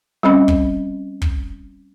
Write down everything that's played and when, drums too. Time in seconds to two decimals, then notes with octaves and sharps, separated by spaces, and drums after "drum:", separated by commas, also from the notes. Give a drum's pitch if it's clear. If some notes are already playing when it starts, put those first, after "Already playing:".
0.23 G3 C4 C#4 D#5 B5
0.48 drum: kick
1.22 drum: kick